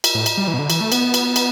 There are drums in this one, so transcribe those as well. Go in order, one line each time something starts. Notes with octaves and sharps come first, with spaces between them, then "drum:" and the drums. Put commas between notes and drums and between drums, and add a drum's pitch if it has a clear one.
drum: cymbal
A2
drum: cymbal
G3
E3
B2
D3
E3, drum: cymbal
A3
B3, drum: cymbal
drum: cymbal
drum: cymbal